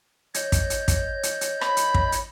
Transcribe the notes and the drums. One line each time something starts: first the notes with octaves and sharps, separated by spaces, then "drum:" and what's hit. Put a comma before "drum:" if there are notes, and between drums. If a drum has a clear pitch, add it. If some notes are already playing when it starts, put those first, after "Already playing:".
C#5 D#5 G6, drum: hi-hat
drum: kick, hi-hat
drum: hi-hat
drum: kick, hi-hat
drum: hi-hat
drum: hi-hat
B5, drum: rim click
drum: hi-hat
drum: kick
drum: hi-hat